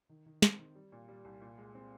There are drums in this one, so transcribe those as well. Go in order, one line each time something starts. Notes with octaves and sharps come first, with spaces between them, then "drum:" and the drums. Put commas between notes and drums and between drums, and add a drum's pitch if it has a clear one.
D#3
D#3
C4, drum: snare
D#3
G3
A#2
G3
C2
A#2
G#3
C4